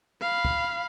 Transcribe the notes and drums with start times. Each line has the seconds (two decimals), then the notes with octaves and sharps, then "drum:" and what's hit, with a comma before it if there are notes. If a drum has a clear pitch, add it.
0.21 F5 B5
0.45 drum: kick